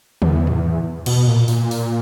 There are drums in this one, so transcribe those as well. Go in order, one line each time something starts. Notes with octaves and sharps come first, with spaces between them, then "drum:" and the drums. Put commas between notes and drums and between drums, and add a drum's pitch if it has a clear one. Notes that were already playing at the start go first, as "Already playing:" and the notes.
E2, drum: tom
drum: tom
B2, drum: cymbal
A#2
A#2, drum: open hi-hat
drum: open hi-hat